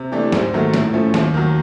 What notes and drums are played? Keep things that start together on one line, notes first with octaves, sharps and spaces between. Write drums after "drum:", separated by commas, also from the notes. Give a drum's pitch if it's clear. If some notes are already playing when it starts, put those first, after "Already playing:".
Already playing: C3
E3 A3 D4 G4
G#2, drum: snare
D#3 F#3 A3
A2, drum: snare
F3 A3 C#4
D#2, drum: snare
D#3 F#3